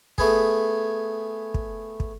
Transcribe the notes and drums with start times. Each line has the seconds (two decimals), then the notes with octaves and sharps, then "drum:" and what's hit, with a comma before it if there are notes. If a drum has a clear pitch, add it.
0.18 A3 B3 G#4, drum: kick
1.54 drum: kick
2.00 drum: kick